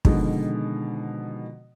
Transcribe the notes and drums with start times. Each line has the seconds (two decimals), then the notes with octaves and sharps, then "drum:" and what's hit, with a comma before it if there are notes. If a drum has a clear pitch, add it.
0.05 B2 D3 D#3 F3 G#3, drum: kick